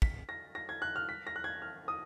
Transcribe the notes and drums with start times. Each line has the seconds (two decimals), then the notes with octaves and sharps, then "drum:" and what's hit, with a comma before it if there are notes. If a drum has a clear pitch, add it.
0.02 B6, drum: kick
0.29 A#6
0.55 A#6
0.69 G#6
0.82 F#6
0.96 F6
1.09 B6
1.27 A#6
1.36 F#6
1.44 G#6
1.62 F6
1.88 D#6